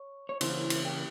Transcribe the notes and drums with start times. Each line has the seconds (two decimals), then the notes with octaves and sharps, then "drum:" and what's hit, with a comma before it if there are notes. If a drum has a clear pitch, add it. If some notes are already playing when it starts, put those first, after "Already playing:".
Already playing: C#5
0.29 C#5
0.41 C#3 E3 A#3 C#4 E4 C5, drum: cymbal
0.70 drum: cymbal
0.85 G5